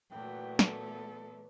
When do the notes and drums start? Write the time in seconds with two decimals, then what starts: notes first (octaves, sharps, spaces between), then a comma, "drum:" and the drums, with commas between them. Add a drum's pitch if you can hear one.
0.12 A#2 E3 F#3 A3 D4 G5
0.59 B3 A4, drum: snare